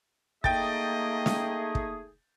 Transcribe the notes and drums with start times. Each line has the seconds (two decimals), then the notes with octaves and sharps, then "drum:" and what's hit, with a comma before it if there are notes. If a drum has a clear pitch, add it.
0.44 A3 A#3 D#4 G#4 D#5 G5 A6, drum: kick
1.26 drum: snare
1.75 drum: kick